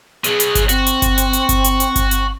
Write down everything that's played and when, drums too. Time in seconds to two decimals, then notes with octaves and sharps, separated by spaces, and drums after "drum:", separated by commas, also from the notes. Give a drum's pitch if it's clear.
0.24 B2 F#3 G#4, drum: hi-hat
0.40 drum: hi-hat
0.55 drum: kick G1, hi-hat
0.69 C4 F#4, drum: hi-hat
0.86 drum: hi-hat
1.02 drum: kick G1, hi-hat
1.18 drum: hi-hat
1.33 drum: hi-hat
1.49 drum: kick G1, hi-hat
1.64 drum: hi-hat
1.80 drum: hi-hat
1.96 drum: kick G1, hi-hat
2.11 drum: hi-hat